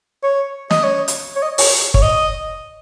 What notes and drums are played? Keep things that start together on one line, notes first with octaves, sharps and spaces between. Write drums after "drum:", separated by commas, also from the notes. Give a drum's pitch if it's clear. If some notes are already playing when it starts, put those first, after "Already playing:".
C#5
D#5, drum: snare
C#5
drum: hi-hat
C#5
D#5
C#5, drum: open hi-hat
C#5, drum: kick
D#5